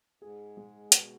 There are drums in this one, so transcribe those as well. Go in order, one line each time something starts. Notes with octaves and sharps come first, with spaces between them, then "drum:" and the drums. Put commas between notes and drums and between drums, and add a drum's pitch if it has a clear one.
G#2 G#4
G#3
B2 G#4, drum: hi-hat